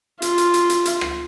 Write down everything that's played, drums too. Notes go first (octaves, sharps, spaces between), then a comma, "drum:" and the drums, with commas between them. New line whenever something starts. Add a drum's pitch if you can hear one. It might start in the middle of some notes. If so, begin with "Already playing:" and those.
F4, drum: hi-hat
drum: hi-hat
drum: hi-hat
drum: hi-hat
drum: hi-hat
drum: rim click